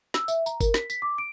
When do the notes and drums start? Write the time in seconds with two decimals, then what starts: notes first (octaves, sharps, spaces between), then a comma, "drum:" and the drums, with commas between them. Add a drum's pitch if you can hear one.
0.14 E6, drum: snare
0.28 E5, drum: tambourine
0.46 A#5, drum: tambourine
0.61 A#4, drum: kick G1, tambourine
0.74 B6, drum: snare
0.90 B6, drum: tambourine
1.02 D6
1.18 D7